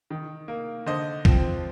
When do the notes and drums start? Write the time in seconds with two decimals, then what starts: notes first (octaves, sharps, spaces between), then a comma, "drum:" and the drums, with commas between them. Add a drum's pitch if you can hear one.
0.10 D#3
0.48 A#3
0.86 D3 C5 D#5
1.25 F3 C4, drum: kick